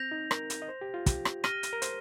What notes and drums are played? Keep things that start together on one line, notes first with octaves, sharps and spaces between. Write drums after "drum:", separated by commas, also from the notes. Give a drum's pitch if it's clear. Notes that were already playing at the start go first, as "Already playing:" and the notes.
Already playing: C4 G6 A#6 F7
D#4
A#4, drum: rim click
drum: hi-hat
D#5
C5
G4
F4
G4, drum: kick, hi-hat
drum: rim click
F6 A#6 D#7 G7, drum: rim click
drum: hi-hat
A#4
C5, drum: hi-hat